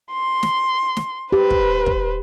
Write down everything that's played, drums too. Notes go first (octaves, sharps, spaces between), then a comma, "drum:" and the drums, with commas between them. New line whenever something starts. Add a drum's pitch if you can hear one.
C6
drum: snare
drum: snare
G4 B4 C5
drum: kick
drum: kick